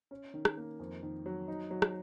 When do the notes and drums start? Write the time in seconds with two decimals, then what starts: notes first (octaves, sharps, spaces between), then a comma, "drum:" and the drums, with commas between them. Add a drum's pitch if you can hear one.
0.11 C#4
0.34 D#3
0.45 drum: rim click
0.57 A#3
0.80 F2
1.03 D#3
1.26 F#3
1.48 D#4
1.71 F#3
1.82 drum: rim click